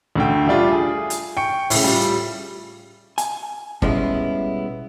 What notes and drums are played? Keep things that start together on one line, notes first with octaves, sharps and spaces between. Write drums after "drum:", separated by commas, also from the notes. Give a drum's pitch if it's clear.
D2 D3 G5
G3 A3 D4 F4
G#4
drum: hi-hat
G5 C#6 C#7
A2 C#3, drum: open hi-hat
G3 F4
G#5, drum: hi-hat
B2 G3 G#3 B3 C#4 E4, drum: kick